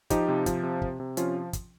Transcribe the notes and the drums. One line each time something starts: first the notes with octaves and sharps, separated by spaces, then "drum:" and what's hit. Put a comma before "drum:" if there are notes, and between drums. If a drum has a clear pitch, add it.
F3 D#4 G4, drum: kick, hi-hat
C3
F3, drum: kick, hi-hat
C3
C3, drum: kick
C3
F3 C#4 F4, drum: hi-hat
drum: kick, hi-hat